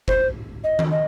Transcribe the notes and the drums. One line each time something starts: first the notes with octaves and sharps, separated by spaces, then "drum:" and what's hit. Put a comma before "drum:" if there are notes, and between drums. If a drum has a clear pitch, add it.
C5, drum: kick F#1
D#5
drum: tom D#3
D#5